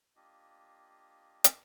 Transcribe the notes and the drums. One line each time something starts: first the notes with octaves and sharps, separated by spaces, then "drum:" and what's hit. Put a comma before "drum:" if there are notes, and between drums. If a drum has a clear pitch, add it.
A#3 D4 F4 G4 D#5
drum: hi-hat